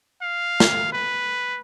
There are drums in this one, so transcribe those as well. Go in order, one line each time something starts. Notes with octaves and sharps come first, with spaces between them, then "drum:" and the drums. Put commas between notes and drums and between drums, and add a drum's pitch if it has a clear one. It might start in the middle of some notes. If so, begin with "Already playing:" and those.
F5
drum: snare
B4